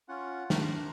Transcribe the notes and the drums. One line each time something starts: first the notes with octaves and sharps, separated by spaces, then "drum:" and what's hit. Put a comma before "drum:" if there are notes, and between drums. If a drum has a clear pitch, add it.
C#4 F4 F#5
D#3 A3 D4 A#5 C6 F6, drum: snare